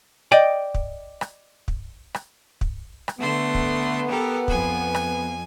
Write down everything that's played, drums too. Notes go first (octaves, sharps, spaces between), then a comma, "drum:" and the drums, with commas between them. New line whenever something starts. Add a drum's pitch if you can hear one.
D5 D#5 G5
drum: kick
drum: rim click
drum: kick
drum: rim click
drum: kick
drum: rim click
D3 A3 B3 C6
drum: kick
G4 A4 A#4
F2 G#5, drum: kick
drum: rim click